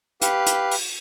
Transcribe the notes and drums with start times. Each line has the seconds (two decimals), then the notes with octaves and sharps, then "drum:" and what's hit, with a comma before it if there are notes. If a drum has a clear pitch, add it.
0.21 G4 B4 F5, drum: hi-hat
0.46 drum: hi-hat
0.71 drum: open hi-hat